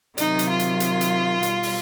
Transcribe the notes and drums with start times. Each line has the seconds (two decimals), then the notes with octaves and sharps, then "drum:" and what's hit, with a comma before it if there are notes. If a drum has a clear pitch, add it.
0.18 C3 D#3 F#3 D#4, drum: hi-hat
0.39 drum: hi-hat
0.49 F4
0.60 drum: hi-hat
0.80 drum: hi-hat
1.01 drum: hi-hat
1.43 B2 G3, drum: hi-hat
1.63 drum: open hi-hat